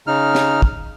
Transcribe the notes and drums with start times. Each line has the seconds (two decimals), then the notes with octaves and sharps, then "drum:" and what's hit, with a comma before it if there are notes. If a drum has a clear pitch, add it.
0.07 C#3 D#4 F6
0.35 drum: snare
0.62 drum: kick